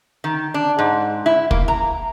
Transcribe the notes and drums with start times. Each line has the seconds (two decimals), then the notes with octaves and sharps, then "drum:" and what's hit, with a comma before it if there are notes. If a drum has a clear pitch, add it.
0.24 D#3
0.54 D4
0.79 G#2
1.26 E4
1.51 A#3, drum: kick
1.68 A#5